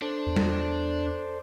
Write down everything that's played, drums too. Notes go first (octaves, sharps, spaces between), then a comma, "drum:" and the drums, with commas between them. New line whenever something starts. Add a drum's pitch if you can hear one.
D4 A4 C5 D5
E2
drum: tom G3